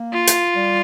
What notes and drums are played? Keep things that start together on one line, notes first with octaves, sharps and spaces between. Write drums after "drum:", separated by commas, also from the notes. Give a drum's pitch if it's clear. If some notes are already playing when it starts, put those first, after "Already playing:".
Already playing: A#3
F4
drum: hi-hat
G3